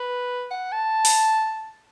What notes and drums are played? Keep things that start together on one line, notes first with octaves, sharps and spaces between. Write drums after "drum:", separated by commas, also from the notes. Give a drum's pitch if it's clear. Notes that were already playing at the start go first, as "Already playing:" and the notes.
Already playing: B4
F#5
A5
drum: open hi-hat